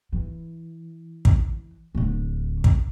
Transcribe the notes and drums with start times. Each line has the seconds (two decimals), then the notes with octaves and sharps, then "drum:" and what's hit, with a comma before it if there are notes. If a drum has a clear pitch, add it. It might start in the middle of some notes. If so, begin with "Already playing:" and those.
0.12 E3
1.25 drum: kick
1.95 D1 D3
2.64 drum: kick